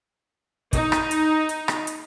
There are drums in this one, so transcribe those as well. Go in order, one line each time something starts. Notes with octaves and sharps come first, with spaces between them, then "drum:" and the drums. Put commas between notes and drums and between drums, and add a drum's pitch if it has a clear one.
D#4, drum: kick, hi-hat
drum: rim click
drum: hi-hat
drum: hi-hat
drum: rim click
drum: hi-hat